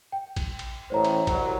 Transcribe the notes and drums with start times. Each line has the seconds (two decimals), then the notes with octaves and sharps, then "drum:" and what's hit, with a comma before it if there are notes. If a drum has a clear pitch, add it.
0.12 G5
0.36 drum: kick A1, cymbal
0.59 drum: cymbal
0.90 A1 C5 C#5 A#5
1.05 drum: cymbal
1.27 C2 F#3, drum: kick A1, cymbal